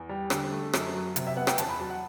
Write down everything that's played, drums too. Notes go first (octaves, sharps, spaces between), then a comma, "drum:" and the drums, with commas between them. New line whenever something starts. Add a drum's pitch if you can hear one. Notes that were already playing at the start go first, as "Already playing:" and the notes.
Already playing: E2
G3
D3, drum: rim click
A3
F#2, drum: rim click
F#3
C3, drum: hi-hat
E5
B3 F#5
G5, drum: rim click
E2 A5, drum: hi-hat
B5
F#3 A5
F#5